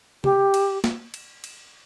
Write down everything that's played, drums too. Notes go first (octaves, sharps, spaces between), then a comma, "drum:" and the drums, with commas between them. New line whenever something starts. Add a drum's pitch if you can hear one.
G4, drum: tom C3
drum: cymbal
drum: snare
drum: cymbal
drum: cymbal